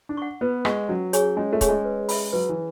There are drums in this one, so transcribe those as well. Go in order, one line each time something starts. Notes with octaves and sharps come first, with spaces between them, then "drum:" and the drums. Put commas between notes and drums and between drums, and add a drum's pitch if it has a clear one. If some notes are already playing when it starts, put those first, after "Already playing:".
D4
F#5 C#6
B3 B4
G#3 F#5 C#6, drum: rim click
F#3 C#4
G#4 C#5 G#5 C#6, drum: hi-hat
G#3 C#4
A3
G#4 C#5 G#5 C#6, drum: kick C#1, hi-hat
G#3
B4
E5 B5, drum: open hi-hat
F#3 B4
E3